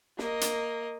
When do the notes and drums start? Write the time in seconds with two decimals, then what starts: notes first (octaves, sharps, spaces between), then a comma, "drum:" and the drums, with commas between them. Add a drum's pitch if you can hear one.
0.19 A#3 D#5, drum: snare
0.41 drum: hi-hat